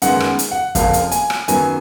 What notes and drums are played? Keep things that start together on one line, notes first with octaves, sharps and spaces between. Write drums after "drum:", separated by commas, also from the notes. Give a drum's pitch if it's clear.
F#2 D#3 G#3 B3 F#5, drum: hi-hat
drum: rim click
drum: hi-hat
F#5
F#1 F2 F3 A#3 F5, drum: kick, hi-hat
drum: hi-hat
G#5, drum: hi-hat
drum: rim click
F#2 D#3 F#3 B3 G#5, drum: hi-hat